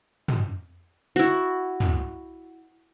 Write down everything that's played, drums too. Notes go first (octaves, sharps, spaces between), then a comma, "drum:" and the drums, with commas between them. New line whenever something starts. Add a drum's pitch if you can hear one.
drum: tom
E4 F#4, drum: hi-hat
drum: tom